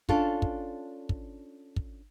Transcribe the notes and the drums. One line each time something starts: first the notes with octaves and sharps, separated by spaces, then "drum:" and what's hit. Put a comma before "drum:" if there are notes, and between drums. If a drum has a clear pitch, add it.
C#4 D4 F4 A4, drum: kick
drum: kick
drum: kick
drum: kick